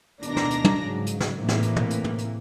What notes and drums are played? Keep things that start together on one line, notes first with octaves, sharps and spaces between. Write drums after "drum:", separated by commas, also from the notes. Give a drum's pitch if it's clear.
D2 B2 D#3 D4 A#5 A#6, drum: hi-hat
drum: snare
drum: hi-hat
drum: tom
G#2 C#3 F#3
drum: hi-hat
drum: snare
A2 C3 E3 A#3
drum: snare
drum: hi-hat
drum: tom
drum: hi-hat
drum: tom
drum: hi-hat